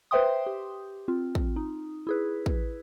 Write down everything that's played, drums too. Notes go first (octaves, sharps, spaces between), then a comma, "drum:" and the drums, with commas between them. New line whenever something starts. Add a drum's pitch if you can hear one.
B4 C5 E5 G5 C6 D#6
G4
C4 F4
drum: kick
D#4
E4 G#4 B4
drum: kick